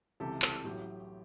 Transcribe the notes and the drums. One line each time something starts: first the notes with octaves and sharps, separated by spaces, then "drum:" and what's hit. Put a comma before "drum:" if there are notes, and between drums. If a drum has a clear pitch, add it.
C#2 C3 E3 G3 G4 A4
G4 A4, drum: clap
A1 A2 F#3 G4